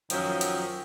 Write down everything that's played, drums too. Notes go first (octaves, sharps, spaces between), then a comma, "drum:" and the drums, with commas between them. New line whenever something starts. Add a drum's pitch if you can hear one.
F#2 D#3 F3 F#3, drum: hi-hat
drum: hi-hat